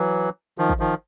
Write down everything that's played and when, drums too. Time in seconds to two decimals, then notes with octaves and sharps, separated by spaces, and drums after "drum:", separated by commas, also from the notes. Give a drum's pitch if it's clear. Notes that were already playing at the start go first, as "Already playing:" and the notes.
Already playing: E3 F#3
0.58 D#3 F3
0.69 drum: kick
0.80 D#3 F3